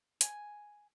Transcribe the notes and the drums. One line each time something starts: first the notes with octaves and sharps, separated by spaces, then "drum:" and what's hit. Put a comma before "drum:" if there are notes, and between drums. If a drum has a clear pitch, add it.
G#5, drum: hi-hat